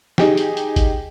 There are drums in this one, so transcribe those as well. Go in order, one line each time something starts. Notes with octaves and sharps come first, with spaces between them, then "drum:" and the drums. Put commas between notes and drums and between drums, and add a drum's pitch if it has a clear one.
D#4 G4 G#4 G5, drum: snare
drum: hi-hat
drum: hi-hat
drum: kick G#1, hi-hat